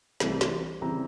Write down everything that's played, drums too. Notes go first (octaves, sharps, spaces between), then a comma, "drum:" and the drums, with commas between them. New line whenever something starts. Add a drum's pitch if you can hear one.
C2 C3 E3 A3, drum: snare
drum: snare
C#3 E3 G3 C4 A#5